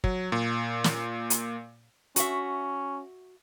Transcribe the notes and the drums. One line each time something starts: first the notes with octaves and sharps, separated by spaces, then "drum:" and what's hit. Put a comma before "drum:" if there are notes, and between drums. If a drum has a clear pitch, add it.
F#3, drum: kick
A#2
drum: snare
drum: hi-hat
C#4 F#4 E5, drum: hi-hat